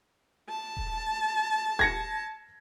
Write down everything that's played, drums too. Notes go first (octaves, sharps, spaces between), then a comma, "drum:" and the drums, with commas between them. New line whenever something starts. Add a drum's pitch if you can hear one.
A5
drum: kick D#1
G#6 A#6 C#7, drum: kick D#1